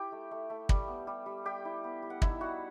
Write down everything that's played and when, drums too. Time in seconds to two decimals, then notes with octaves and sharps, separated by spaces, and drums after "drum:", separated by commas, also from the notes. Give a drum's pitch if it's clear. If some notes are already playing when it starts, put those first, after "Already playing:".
Already playing: E4 G4 G5
0.12 A3
0.31 A3
0.50 A3
0.69 G3, drum: kick
0.88 B3
1.07 G3
1.26 G3
1.45 G3 G4 G5
1.65 E4
1.84 B3
2.02 G3
2.10 F#5
2.22 D#4 E4 E5, drum: kick
2.41 G3 F#4 F#5